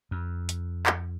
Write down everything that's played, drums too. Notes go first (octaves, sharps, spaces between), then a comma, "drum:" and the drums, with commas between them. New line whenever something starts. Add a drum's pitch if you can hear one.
F2
drum: hi-hat
drum: clap